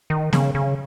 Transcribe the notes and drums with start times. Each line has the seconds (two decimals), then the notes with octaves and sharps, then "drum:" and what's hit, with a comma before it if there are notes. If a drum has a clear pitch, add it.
0.10 D#3
0.33 C#3, drum: snare
0.55 C#3